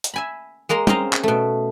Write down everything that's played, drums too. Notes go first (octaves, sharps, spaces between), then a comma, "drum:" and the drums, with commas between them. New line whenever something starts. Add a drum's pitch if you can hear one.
drum: hi-hat
E5 G#5 B5
G#3 A#3 A#5 C6
C4 C#4 D#5 F5 A#5, drum: tom
drum: clap
B2 A3